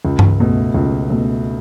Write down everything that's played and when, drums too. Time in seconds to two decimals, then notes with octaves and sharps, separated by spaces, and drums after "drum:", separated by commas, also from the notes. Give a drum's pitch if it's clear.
0.05 C#2
0.19 drum: tom G2
0.40 B2 A3
0.74 C#2
1.10 B2 A3